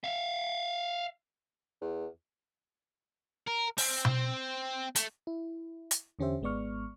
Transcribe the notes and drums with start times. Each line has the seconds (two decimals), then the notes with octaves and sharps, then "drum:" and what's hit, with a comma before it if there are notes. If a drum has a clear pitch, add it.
0.04 E5 F5
1.82 E2
3.47 A#4
3.78 C4, drum: open hi-hat
4.05 drum: tom B2
4.96 A3, drum: hi-hat
5.27 E4
5.91 drum: hi-hat
6.19 E2 D3 C#4 G4 C5 E5
6.42 G#1 G#3 B3 D5 C#6 F6